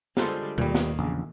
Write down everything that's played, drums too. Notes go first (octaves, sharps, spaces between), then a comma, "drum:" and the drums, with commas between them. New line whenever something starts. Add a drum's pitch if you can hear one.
D3 G3 G#3 F4 A4 C5, drum: snare
D#2 A#2 D#3 G3 A#3, drum: tom B2
drum: snare
A#1 E2 C#3